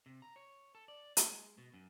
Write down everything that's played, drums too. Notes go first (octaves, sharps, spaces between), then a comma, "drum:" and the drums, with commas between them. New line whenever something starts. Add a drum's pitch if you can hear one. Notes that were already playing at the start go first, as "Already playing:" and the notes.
C3
A#5
C#5
A4
D5
G#3, drum: hi-hat
B2
F#2